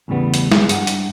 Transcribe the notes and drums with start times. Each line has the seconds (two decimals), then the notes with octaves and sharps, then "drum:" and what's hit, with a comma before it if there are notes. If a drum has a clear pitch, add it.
0.08 E2 A2 C#3 G3 B3
0.34 drum: hi-hat
0.52 drum: snare
0.69 G2 F#5, drum: hi-hat
0.87 drum: hi-hat